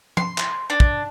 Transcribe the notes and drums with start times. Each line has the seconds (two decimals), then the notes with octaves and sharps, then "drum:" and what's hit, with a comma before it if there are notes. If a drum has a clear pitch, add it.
0.17 C6, drum: tom F3
0.38 drum: clap
0.70 D4
0.80 drum: kick